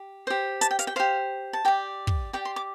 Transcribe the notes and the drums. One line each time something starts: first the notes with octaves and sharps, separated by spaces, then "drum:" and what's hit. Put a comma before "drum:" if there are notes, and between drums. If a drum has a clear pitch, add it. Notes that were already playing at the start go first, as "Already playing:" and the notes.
Already playing: G4
G4 C5
A5, drum: hi-hat
G5
F5, drum: hi-hat
G5
G4 C5 F5
A5
G4 D5 G5
drum: kick
G4 D5 G5
C6
D6